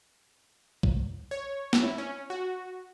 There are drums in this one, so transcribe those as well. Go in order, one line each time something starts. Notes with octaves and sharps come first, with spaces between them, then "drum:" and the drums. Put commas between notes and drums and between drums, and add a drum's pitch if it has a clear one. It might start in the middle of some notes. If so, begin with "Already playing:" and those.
drum: kick
C#5
drum: snare
E4
C#4
F#4